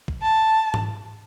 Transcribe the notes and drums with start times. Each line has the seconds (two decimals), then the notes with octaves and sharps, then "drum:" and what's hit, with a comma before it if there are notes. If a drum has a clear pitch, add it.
0.08 drum: kick A#1
0.22 A5
0.74 drum: tom G#2